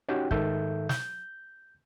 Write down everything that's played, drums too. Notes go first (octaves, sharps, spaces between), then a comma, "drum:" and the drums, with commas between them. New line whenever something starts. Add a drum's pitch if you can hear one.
C#4 D#4 F#4 G4 F#5 G5
G#2 D#3 A4 E5 G6, drum: kick
G6, drum: snare